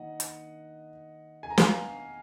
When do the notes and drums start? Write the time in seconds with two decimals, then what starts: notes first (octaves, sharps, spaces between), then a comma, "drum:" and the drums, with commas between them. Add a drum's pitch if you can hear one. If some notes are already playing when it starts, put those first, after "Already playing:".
Already playing: D#3 A#3 D#4 D#5 F#5
0.20 drum: hi-hat
1.43 G#5
1.50 A#5
1.58 F5 G#5, drum: snare